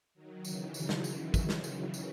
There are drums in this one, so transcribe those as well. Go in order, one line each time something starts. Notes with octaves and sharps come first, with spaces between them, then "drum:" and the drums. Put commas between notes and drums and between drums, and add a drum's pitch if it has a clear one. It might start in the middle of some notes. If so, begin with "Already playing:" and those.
D#3 F#3
C#3 E3, drum: tambourine
drum: tambourine
drum: snare
drum: tambourine
drum: kick, tambourine
drum: snare
drum: tambourine
drum: tambourine